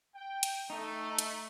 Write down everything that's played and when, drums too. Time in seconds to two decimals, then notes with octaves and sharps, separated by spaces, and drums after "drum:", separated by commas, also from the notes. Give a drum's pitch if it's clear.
0.15 G5
0.43 drum: hi-hat
0.70 A3 D#4
1.19 drum: hi-hat